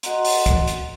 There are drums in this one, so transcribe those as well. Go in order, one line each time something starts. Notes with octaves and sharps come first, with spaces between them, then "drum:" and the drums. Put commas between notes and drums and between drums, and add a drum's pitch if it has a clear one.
F#4 D#5 F#5 A#5 C6, drum: hi-hat
drum: open hi-hat
drum: kick, hi-hat
drum: hi-hat